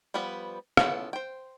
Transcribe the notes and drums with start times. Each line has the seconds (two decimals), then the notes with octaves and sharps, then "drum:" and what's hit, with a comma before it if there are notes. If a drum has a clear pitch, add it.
0.14 F3 G3 B3 B4
0.77 B3 C#4 E4 F4 A4, drum: rim click
1.13 C5 G5